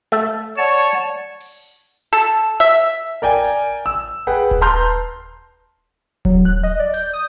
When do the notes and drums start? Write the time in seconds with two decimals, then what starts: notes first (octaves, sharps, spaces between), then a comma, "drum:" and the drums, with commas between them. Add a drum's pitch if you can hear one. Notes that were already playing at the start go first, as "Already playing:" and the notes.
0.12 A3 E5
0.58 C#5 D5 F#5 A5
1.40 drum: open hi-hat
2.13 A4
2.60 E5
3.22 A#4 D5 G5 G#5
3.44 drum: hi-hat
3.86 E6
4.27 G#4 B4 F#5 G5
4.51 drum: kick D#1
4.61 B4 A5 A#5 C6 F6 G6
6.25 F#3, drum: kick D#1
6.45 F#6
6.63 D#5
6.79 D5
6.94 G6, drum: hi-hat
7.13 D#6